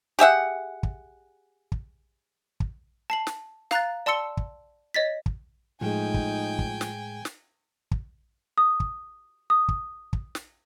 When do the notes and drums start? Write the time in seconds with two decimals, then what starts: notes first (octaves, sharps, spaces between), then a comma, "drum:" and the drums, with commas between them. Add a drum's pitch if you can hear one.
0.19 G4 G#4 E5 F#5
0.83 drum: kick
1.72 drum: kick
2.60 drum: kick
3.10 A5 C7 F#7
3.27 drum: snare
3.71 F5 A#5 F#6 A6, drum: snare
4.06 D5 A5 C6 E6 C#7 G7
4.37 drum: kick
4.94 C#5 D#5 A6 B6
5.26 drum: kick
5.81 A2 F3 G#3 A3 D#4 G#4 G5 G#5
6.14 drum: kick
6.59 drum: kick
6.81 drum: snare
7.25 drum: snare
7.91 drum: kick
8.58 D#6
8.80 drum: kick
9.50 D#6
9.68 drum: kick
10.13 drum: kick
10.35 drum: snare